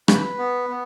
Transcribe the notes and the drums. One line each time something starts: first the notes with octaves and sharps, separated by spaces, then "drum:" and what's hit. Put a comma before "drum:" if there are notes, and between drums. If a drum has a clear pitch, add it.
B4, drum: rim click
B3
B3